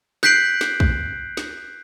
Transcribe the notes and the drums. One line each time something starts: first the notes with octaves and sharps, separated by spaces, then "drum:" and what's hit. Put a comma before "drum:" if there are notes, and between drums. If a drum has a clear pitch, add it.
F#6 G6 B6 C7 D7 F#7, drum: snare
drum: snare
drum: kick
drum: snare